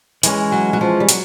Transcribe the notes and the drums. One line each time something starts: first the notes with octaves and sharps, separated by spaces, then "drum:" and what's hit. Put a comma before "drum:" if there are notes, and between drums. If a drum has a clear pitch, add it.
E3 G#3 C#4, drum: hi-hat
F#3
F#3
F3
G3
F#3, drum: hi-hat